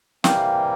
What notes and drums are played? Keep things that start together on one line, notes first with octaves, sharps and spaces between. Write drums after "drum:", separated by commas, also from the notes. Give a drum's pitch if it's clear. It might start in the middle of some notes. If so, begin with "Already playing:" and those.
C3 E3 G3 A#3 F5 G5, drum: snare